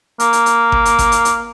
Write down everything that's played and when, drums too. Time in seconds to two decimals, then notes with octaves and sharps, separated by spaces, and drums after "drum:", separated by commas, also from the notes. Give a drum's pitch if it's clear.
0.20 A#3, drum: hi-hat
0.33 drum: hi-hat
0.46 drum: hi-hat
0.72 drum: kick G#1
0.85 drum: hi-hat
0.99 drum: kick G#1, hi-hat
1.12 drum: hi-hat
1.25 drum: hi-hat